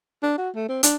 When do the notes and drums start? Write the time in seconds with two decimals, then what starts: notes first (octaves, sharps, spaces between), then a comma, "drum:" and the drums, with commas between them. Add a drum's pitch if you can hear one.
0.23 D4
0.38 F#4
0.55 A3
0.69 C4
0.83 D4, drum: hi-hat